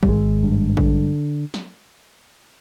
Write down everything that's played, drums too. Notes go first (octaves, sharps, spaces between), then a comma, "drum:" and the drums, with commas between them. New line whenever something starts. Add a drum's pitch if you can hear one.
G3, drum: kick A1
G#1 G#3
G2
D3, drum: kick A1
drum: snare